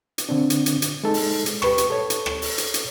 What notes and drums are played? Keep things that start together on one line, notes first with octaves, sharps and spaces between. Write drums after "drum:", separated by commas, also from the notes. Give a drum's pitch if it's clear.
drum: hi-hat
D3 C4 D4
drum: hi-hat
drum: hi-hat
drum: hi-hat
G#3 D#4 A4
drum: open hi-hat
drum: hi-hat
G4 B4 C#6, drum: rim click
drum: hi-hat
A4 C#5
drum: hi-hat
drum: rim click
drum: open hi-hat
drum: hi-hat
drum: hi-hat